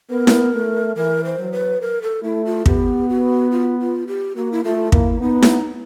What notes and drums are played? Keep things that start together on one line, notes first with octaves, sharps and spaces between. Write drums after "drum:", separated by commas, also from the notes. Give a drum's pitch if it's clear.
B3 A#4
drum: snare E4
A3
E3 A#4
C5
F#3
B4
A#4
A4
A3 E4
F4
B3 G4, drum: kick
F#4
F4
F4
G4
A#3 F#4
E4
A3 F4
A#3 E4, drum: kick
B3 D#4
drum: snare E4